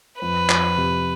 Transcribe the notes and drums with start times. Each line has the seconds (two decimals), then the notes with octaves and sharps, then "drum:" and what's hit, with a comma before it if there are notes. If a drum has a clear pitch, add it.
0.21 F2 B4
0.49 F2, drum: clap
0.78 C3